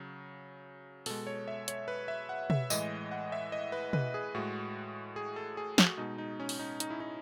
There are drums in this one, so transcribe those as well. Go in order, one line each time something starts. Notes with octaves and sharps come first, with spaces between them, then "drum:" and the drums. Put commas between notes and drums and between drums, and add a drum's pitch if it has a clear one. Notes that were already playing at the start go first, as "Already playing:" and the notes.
Already playing: C#3 F#3
B2 G#3 A4, drum: open hi-hat
C#5
E5
C#5, drum: hi-hat
B4
E5
F#5
E5, drum: tom
A2 E3 G#3 D#5, drum: tambourine
F#5
E5
D#5
B4
B4, drum: tom
G#4
A2 G#3 F#4
G#4
A4
G#4
F#4, drum: snare
B2 G#3 D#4
D#4
C#4
drum: open hi-hat
D#4
D#4, drum: hi-hat
E4
D#4